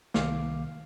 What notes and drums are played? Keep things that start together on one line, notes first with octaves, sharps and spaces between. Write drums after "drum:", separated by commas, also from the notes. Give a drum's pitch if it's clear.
C2 D#3 A#3 F5 D6, drum: snare